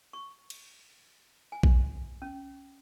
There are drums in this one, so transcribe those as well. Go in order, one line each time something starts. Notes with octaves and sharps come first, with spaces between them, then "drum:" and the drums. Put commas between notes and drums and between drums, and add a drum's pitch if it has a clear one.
C#6
drum: cymbal
G#5
drum: kick A#1
C#4